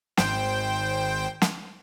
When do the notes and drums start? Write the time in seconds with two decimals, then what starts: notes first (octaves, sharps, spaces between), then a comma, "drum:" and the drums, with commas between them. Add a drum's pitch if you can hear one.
0.17 G#1 C5 G5, drum: snare
1.42 drum: snare